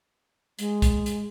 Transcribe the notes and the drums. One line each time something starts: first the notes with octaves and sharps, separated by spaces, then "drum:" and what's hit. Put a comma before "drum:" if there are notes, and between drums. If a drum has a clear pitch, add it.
G#3, drum: hi-hat
drum: kick, hi-hat
drum: hi-hat